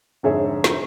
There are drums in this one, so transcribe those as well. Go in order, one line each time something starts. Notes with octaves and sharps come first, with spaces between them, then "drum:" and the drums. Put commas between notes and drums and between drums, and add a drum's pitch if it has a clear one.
F1 G#2 D3 G#4 C#5 E5
drum: snare